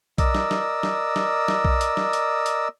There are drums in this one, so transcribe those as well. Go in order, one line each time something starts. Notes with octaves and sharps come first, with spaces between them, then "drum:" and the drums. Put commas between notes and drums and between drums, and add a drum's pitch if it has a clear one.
A#4 D5 D#5 E6, drum: kick B1, hi-hat
drum: snare
drum: snare
drum: snare
drum: snare
drum: snare
drum: kick B1
drum: hi-hat
drum: snare
drum: hi-hat
drum: hi-hat